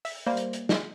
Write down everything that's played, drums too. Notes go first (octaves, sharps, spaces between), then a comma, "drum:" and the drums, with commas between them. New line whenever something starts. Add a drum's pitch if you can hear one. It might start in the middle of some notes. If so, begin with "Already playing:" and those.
E5, drum: open hi-hat
G3 A#3 C5
drum: hi-hat
drum: hi-hat
drum: snare